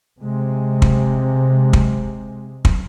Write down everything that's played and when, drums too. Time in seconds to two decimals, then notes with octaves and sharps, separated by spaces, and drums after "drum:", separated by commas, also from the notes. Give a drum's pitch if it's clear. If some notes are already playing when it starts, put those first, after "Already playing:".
0.21 C3 G#3
0.82 drum: kick
1.73 drum: kick
2.65 drum: kick